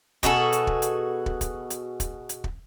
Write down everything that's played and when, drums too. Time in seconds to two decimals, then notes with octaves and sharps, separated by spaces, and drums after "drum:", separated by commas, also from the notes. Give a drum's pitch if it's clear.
0.23 B2 F#4 G#4 A4, drum: kick, hi-hat
0.52 drum: hi-hat
0.67 drum: kick
0.82 drum: hi-hat
1.26 drum: kick
1.41 drum: kick, hi-hat
1.70 drum: hi-hat
2.00 drum: kick, hi-hat
2.29 drum: hi-hat
2.44 drum: kick